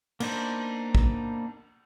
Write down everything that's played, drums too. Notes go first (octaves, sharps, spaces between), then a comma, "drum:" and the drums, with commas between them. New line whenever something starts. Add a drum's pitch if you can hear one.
A#3 B3 D4 D#4 C5, drum: cymbal
drum: kick A1